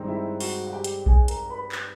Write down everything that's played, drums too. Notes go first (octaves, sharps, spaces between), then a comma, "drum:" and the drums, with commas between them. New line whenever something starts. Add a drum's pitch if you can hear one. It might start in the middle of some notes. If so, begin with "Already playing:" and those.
Already playing: G2 D#3 G#3 C4 D#4
E4 E5
F#4 F#5, drum: open hi-hat
F#5
G4 G5
drum: hi-hat
G#4 G#5, drum: kick B1
A#4 A#5, drum: hi-hat
B4 B5
drum: clap